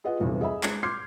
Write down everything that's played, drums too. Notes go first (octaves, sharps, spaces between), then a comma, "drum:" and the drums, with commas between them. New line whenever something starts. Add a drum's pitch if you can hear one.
F4 G#4 B4 D#5 F#5
F1 B1 E2 G2 C3 E3
G#4 D#5 E5 B5
G#3, drum: clap
C6 D6 F6 G6 G#6 C7